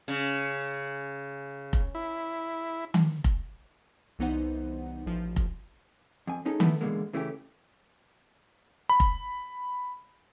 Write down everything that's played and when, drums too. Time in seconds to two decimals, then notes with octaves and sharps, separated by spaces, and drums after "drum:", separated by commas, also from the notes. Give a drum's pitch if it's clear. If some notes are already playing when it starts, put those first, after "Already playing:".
0.08 C#3
1.73 drum: kick F1
1.95 E4
2.94 drum: tom D#3
3.24 drum: kick F1
4.19 C2 E3 B3 D#4 C5 F#5
5.06 A1 F3
5.36 drum: kick F1
6.27 F2 G#5
6.45 A3 C#4 D#4 G#4 A4
6.60 D3 A3 B3 E4 A4 B4, drum: tom D#3
6.81 G#2 B2 D3 E3 G#3 A#3
7.13 C#3 E3 A3 C#4 F#4 G4
8.90 B5
9.00 drum: kick F1